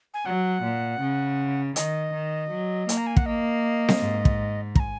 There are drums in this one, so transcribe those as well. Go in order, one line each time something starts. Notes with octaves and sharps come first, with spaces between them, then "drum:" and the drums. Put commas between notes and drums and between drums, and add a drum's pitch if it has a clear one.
G#5
F#3 F#5
A#2
C#3
D#3 D#5, drum: hi-hat
D#3
F#3
A#3, drum: hi-hat
A#5
G#5
F#5, drum: kick
A#3 D#5
drum: snare C4
G#2
drum: kick
A#5, drum: kick
G#5